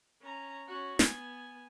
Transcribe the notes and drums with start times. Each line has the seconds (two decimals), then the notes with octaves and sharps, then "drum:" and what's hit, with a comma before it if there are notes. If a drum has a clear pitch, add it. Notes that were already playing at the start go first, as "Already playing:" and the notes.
0.22 C#4 A#5
0.67 C#4 F#4
0.99 B3 G#5, drum: snare